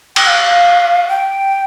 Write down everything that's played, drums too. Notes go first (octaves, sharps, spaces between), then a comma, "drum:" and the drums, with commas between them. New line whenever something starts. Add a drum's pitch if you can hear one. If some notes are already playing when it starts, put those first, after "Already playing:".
G5, drum: cymbal
F5
G5